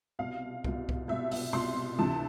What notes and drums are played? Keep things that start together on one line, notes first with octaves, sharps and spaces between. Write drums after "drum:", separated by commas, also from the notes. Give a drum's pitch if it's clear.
C2 B2 F5
C2 B2, drum: kick C2
drum: kick C2
C2 B2 E5
E5, drum: open hi-hat
C2 B2 C6
D2 C3 E3 A5